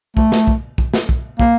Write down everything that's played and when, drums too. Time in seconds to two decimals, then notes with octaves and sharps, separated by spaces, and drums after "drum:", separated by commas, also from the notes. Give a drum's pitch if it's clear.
0.17 A3, drum: kick
0.32 drum: snare
0.47 drum: kick
0.78 drum: kick
0.94 drum: snare
1.09 drum: kick
1.40 A#3, drum: kick